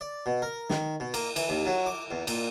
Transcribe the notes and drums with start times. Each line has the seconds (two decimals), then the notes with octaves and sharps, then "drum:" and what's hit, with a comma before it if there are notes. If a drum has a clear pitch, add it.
0.01 D5
0.26 B2
0.42 A#4
0.70 D#3, drum: snare
1.00 B2
1.14 A#3, drum: cymbal
1.36 E3, drum: cymbal
1.49 D#2
1.66 F#3
1.86 D6
2.11 E2
2.27 A#2, drum: cymbal